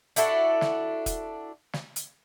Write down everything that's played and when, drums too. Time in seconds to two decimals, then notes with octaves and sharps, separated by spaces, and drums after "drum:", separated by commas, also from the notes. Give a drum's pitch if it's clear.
0.16 D4 E4 F#4 A4, drum: hi-hat
0.61 drum: snare
1.06 drum: kick, hi-hat
1.73 drum: snare
1.96 drum: hi-hat